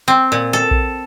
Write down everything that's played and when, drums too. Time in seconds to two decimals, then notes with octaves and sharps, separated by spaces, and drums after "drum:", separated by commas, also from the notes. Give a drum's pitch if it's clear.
0.08 C4
0.32 A#2
0.53 A4
0.71 drum: kick A#1